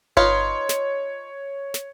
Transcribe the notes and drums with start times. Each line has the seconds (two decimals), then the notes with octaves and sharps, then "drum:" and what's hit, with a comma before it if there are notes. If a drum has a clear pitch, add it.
0.17 D#4 F4 B4 C#5, drum: kick G1
0.69 drum: snare
1.74 drum: snare